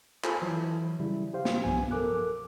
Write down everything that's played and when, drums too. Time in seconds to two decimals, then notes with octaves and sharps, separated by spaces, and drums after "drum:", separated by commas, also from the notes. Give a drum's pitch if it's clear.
0.24 F4 A4 C5 G#5 A5 B5, drum: clap
0.42 E3 F#3 E4
1.00 C#3 G3 E4
1.34 G4 C5 F5
1.45 drum: snare
1.64 B1 G2 F3 B3 G#5
1.91 A4 A#4 D6 F#6